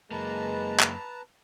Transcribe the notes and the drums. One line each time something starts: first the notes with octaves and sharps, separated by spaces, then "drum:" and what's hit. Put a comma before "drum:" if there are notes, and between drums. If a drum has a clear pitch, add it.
F#2 G#3 A#3 B4 A5 A#5
drum: clap